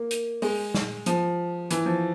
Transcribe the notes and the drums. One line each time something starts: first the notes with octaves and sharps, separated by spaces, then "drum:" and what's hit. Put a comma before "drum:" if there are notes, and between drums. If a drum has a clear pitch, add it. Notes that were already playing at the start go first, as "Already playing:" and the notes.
Already playing: A#3
drum: hi-hat
G#3, drum: open hi-hat
drum: snare
F3, drum: hi-hat
E3, drum: hi-hat
F3